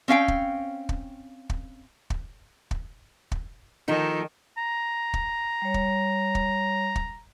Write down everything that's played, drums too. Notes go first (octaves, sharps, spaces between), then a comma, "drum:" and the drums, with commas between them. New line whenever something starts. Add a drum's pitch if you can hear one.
C4 C#4 F5 G5
drum: kick
drum: kick
drum: kick
drum: kick
drum: kick
drum: kick
D#3 F3 D#4 A4
A#5
drum: kick
G3 C#5
drum: kick
drum: kick
drum: kick